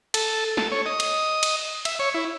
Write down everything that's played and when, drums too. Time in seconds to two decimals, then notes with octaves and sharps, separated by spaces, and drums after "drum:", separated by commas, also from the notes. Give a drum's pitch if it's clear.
0.14 A4, drum: cymbal
0.57 A4, drum: snare
0.71 C#5
0.86 D#5
1.00 drum: cymbal
1.43 drum: cymbal
1.85 E5, drum: cymbal
1.99 C#5
2.14 E4